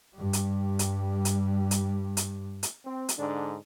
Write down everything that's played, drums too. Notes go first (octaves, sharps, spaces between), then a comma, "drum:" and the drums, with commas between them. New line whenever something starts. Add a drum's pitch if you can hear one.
G2 G3
drum: hi-hat
drum: hi-hat
drum: hi-hat
drum: hi-hat
drum: hi-hat
drum: hi-hat
C4
drum: hi-hat
G#2 D3 D4